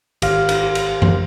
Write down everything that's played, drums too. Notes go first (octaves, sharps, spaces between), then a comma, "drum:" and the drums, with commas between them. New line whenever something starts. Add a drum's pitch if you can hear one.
G#1 G4 F5 F6, drum: cymbal
drum: cymbal
drum: cymbal
drum: tom F#2